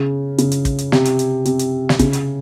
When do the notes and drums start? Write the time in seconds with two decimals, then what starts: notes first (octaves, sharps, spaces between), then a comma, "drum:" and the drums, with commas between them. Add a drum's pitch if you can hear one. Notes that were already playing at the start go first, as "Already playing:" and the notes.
Already playing: C#3
0.38 C#3, drum: hi-hat
0.52 drum: hi-hat
0.65 drum: kick, hi-hat
0.78 drum: hi-hat
0.92 C3, drum: snare
1.05 drum: hi-hat
1.19 drum: hi-hat
1.45 C3, drum: hi-hat
1.59 drum: hi-hat
1.89 C3, drum: snare
1.99 C#3, drum: kick, hi-hat
2.13 drum: hi-hat